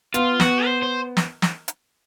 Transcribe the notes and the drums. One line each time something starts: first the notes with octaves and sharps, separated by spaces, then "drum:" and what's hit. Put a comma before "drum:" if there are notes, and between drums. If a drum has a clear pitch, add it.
B3 F4, drum: hi-hat
B3 F#4, drum: snare
C5
C5
drum: snare
drum: snare
drum: hi-hat